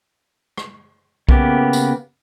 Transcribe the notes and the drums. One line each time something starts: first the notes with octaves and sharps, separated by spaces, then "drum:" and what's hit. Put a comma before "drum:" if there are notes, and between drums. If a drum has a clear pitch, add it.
drum: rim click
C#3 A#3 B3 G4, drum: kick B1
drum: tambourine